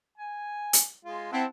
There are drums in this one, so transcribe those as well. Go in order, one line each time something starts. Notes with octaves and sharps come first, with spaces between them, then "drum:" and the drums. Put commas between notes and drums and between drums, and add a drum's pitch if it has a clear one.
G#5
drum: hi-hat
G#3 F4
C4 E4 F#5 A5